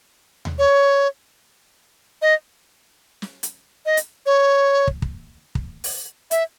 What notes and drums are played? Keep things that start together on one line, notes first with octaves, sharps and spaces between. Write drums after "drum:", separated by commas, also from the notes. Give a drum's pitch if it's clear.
drum: tom D#2
C#5
D#5
drum: snare
drum: hi-hat
D#5
drum: hi-hat
C#5
drum: kick
drum: kick
drum: kick
drum: open hi-hat
E5, drum: hi-hat